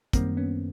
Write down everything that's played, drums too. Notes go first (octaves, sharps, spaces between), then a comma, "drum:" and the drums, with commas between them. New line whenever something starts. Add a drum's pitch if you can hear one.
F#2 D#3 G3 A#3 C4, drum: kick, hi-hat
B3 C#4